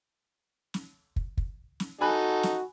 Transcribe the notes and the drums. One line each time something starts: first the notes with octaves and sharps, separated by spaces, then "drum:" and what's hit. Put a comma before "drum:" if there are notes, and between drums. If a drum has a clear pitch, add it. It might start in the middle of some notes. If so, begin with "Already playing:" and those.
drum: snare
drum: kick
drum: kick
drum: snare
D#4 F#4 A4 G#5 B5 F#6
drum: snare